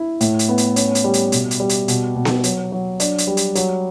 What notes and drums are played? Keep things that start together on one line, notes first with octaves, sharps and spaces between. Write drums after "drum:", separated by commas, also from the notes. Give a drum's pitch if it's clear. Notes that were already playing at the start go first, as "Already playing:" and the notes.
Already playing: E4
A2, drum: hi-hat
drum: hi-hat
B3
drum: hi-hat
C#4, drum: hi-hat
drum: hi-hat
G3
drum: hi-hat
B2, drum: hi-hat
drum: hi-hat
G3
drum: hi-hat
B2, drum: hi-hat
B2
drum: snare B3
F#3, drum: hi-hat
F#3
D4, drum: hi-hat
drum: hi-hat
G3
drum: hi-hat
F#3, drum: hi-hat